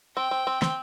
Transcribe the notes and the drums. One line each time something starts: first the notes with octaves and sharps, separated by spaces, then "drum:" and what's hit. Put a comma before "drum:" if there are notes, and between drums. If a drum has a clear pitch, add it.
C4 G5
C4
C4
C4, drum: snare